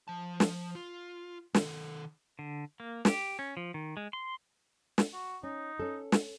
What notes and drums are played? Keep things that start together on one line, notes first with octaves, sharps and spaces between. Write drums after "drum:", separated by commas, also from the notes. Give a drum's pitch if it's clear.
F3 A5
drum: snare
F4
D#3 A4, drum: snare
D3
A#3
G4, drum: snare
C#4
F3
D#3
G#3
C6
drum: snare
F#4
C#4 D#4
C#4 A4
drum: snare